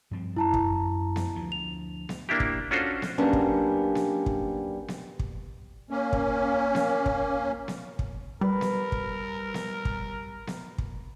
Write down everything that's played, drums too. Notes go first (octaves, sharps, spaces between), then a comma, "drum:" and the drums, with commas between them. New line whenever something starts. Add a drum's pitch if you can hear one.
G2 F3 C4
F#2 E4 A5 A#5
drum: kick
drum: snare B3
D2 F3
F7
drum: snare B3
A#3 D4 E4 G4
drum: kick
C#4 D4 F4 F#4 A4 C5
drum: snare B3
F#3 G3 A#3 B3 C#4 D4
drum: kick
drum: snare B3
drum: kick
drum: snare B3
drum: kick
A#3 C#4
drum: kick
drum: snare B3
drum: kick
drum: snare B3
drum: kick
G3 A#4 B4
drum: snare B3
drum: kick
drum: snare B3
drum: kick
drum: snare B3
drum: kick